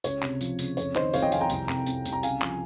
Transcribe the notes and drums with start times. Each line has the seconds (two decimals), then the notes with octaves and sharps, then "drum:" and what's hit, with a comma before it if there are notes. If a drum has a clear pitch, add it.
0.04 C#2 C#5, drum: tambourine
0.22 C3, drum: clap
0.41 F3, drum: tambourine
0.59 C#2, drum: tambourine
0.77 F2 C#5, drum: tambourine
0.95 D#3 C5 D#5, drum: clap
1.14 F2 C#5 F5, drum: tambourine
1.22 D#5 G5
1.32 F2 F5 G#5, drum: tambourine
1.41 G5 A#5
1.50 C2, drum: tambourine
1.69 C2, drum: clap
1.87 C2, drum: tambourine
2.05 C2, drum: tambourine
2.13 A#5
2.23 C#3 F5 G#5, drum: tambourine
2.42 F3, drum: clap